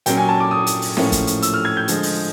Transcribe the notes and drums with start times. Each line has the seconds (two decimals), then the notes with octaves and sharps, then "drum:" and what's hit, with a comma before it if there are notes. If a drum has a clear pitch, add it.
0.06 A#2 F#3 A#3 C#4 G5, drum: hi-hat
0.17 G#5
0.29 A5
0.40 D6
0.51 D#6
0.67 drum: hi-hat
0.82 drum: open hi-hat
0.97 A2 F3 A#3 C#4, drum: snare
1.12 drum: kick, hi-hat
1.27 drum: hi-hat
1.42 E6, drum: hi-hat
1.54 F6
1.65 G#6
1.77 G6
1.88 D3 F3 G#3, drum: hi-hat
2.03 drum: open hi-hat